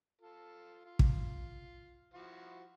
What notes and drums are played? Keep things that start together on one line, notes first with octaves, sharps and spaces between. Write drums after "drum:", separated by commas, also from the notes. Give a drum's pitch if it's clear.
F4 A4
F4
drum: kick
F3 E4 F#4